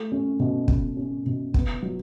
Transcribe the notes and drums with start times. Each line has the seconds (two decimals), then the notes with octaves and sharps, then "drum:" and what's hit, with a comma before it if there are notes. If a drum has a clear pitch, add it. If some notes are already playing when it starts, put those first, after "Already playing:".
Already playing: A3
0.12 C#4
0.40 B2
0.68 B2, drum: kick
0.97 C#4
1.26 B2
1.54 B3, drum: kick
1.82 F#3